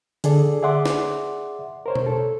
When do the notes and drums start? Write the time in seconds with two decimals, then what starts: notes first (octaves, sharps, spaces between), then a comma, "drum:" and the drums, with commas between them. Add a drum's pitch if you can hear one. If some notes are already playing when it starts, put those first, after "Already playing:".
0.24 D3 G#4 A4 D5, drum: hi-hat
0.62 G#4 D5 E5 F#5 C6 D6
0.85 drum: snare
1.86 A#4 C5 C#5
1.96 drum: tom B2
2.06 A4